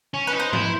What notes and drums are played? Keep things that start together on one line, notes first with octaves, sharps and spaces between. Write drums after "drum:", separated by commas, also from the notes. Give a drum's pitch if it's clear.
C#4
B4
D#4
C5
E4, drum: tom G#2